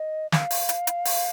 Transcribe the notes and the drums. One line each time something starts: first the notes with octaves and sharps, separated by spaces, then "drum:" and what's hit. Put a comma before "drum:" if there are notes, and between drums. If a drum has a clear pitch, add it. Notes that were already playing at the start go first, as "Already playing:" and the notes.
Already playing: D#5
F5, drum: snare
drum: open hi-hat
drum: hi-hat
drum: hi-hat
drum: open hi-hat